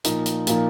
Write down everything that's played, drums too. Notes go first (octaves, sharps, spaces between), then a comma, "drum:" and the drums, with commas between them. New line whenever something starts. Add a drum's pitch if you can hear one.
A#2 F3 A#3 D#4, drum: hi-hat
drum: hi-hat
A#2 F3 A#3 D#4, drum: hi-hat